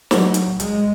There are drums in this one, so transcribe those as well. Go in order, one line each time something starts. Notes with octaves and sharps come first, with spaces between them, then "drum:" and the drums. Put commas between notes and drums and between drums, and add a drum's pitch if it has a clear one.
F#3, drum: snare
drum: hi-hat
G#3, drum: hi-hat